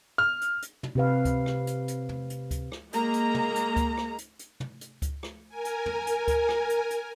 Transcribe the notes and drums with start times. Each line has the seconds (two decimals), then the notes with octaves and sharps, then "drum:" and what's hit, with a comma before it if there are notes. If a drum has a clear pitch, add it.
0.18 F6
0.41 drum: hi-hat
0.62 drum: hi-hat
0.83 drum: tom
0.95 C3 G4 B4 F5
1.25 drum: kick C#2, hi-hat
1.46 drum: rim click
1.67 drum: hi-hat
1.88 drum: hi-hat
2.09 drum: tom
2.30 drum: hi-hat
2.51 drum: kick C#2, hi-hat
2.72 drum: rim click
2.93 G#3 A#3 A#5, drum: hi-hat
3.14 drum: hi-hat
3.35 drum: tom
3.55 drum: hi-hat
3.76 drum: kick C#2, hi-hat
3.97 drum: rim click
4.18 drum: hi-hat
4.39 drum: hi-hat
4.60 drum: tom
4.81 drum: hi-hat
5.02 drum: kick C#2, hi-hat
5.23 drum: rim click
5.49 A#4 G#5
5.65 drum: hi-hat
5.86 drum: tom
6.07 drum: hi-hat
6.28 drum: kick C#2, hi-hat
6.49 drum: rim click
6.70 drum: hi-hat
6.90 drum: hi-hat